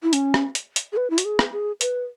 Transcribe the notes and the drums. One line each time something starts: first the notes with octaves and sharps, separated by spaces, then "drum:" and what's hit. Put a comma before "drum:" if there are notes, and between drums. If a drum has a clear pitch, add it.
E4
C#4, drum: hi-hat
drum: rim click
drum: hi-hat
drum: hi-hat
G#4
B4
E4
F#4, drum: hi-hat
G#4
drum: rim click
G#4
B4, drum: hi-hat